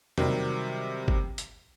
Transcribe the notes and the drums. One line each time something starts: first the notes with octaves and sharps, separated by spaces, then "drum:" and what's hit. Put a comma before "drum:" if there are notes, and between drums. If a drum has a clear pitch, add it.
C3 D#3 F#3 G3, drum: tom
drum: kick
drum: hi-hat